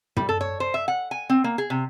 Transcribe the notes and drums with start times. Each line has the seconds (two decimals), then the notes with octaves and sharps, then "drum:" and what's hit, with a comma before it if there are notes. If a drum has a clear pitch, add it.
0.17 G3, drum: tom
0.29 A4
0.41 C#5
0.60 C5
0.74 E5
0.88 F#5
1.11 G#5
1.30 C4
1.44 A#3
1.58 G#4
1.70 C3